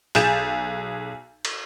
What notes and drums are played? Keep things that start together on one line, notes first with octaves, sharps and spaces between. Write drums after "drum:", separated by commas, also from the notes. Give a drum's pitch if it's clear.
B1 G#4 G#5 G6 A6 E7, drum: hi-hat
drum: cymbal